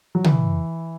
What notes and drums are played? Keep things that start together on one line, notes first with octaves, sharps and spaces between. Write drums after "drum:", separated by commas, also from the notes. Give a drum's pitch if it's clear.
F#3
E3, drum: tom